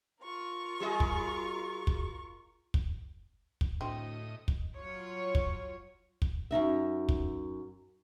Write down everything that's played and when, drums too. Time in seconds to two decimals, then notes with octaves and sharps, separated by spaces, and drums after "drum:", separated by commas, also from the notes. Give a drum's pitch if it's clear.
0.23 F4 A#4 C#6
0.80 F#3 G#4 D#5
1.00 drum: kick
1.87 drum: kick
2.74 drum: kick
3.61 drum: kick
3.81 D2 A2 C4 D#5
4.48 drum: kick
4.75 F#3 F4 C#5
5.35 drum: kick
6.22 drum: kick
6.51 F#2 D#3 D#4 E5
7.09 drum: kick